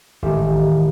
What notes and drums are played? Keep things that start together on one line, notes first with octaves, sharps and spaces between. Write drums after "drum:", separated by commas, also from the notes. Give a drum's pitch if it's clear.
A1 D#3 G#3 G4 E5, drum: kick G#1